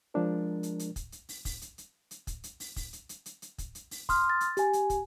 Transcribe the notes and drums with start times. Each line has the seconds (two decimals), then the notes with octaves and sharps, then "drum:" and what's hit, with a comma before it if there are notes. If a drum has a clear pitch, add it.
0.14 F3 G#3 D4 A#4
0.63 drum: hi-hat
0.79 drum: hi-hat
0.96 drum: kick, hi-hat
1.12 drum: hi-hat
1.29 drum: open hi-hat
1.45 drum: kick, open hi-hat
1.61 drum: hi-hat
1.78 drum: hi-hat
2.11 drum: hi-hat
2.27 drum: kick, hi-hat
2.44 drum: hi-hat
2.60 drum: open hi-hat
2.76 drum: kick, open hi-hat
2.93 drum: hi-hat
3.09 drum: hi-hat
3.26 drum: hi-hat
3.42 drum: hi-hat
3.58 drum: kick, hi-hat
3.75 drum: hi-hat
3.91 drum: open hi-hat
4.09 C6 D#6 F6, drum: kick, open hi-hat
4.30 A6
4.40 drum: hi-hat
4.57 G4 G#5, drum: hi-hat
4.73 drum: hi-hat
4.90 drum: kick, hi-hat